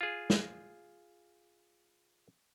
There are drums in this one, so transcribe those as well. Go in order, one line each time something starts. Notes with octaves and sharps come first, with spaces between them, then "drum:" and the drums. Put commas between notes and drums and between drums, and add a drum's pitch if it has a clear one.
F4 G#4
drum: snare